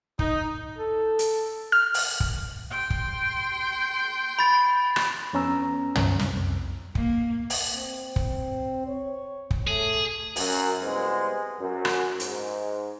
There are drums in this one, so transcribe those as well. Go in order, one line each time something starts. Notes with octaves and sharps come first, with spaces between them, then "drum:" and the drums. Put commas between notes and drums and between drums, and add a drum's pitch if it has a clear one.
D#4, drum: kick
A4
drum: hi-hat
F6
drum: open hi-hat
drum: kick
G5 C6
drum: kick
B5 A6
drum: rim click
F2 B3 C#4 A#5 E6
drum: tom
C2, drum: snare
A#3, drum: kick
drum: open hi-hat
C4
drum: kick
C#5
drum: kick
A3 G#4
F#2, drum: open hi-hat
C2 G#3 B3 C5
F#2
drum: rim click
G#2, drum: hi-hat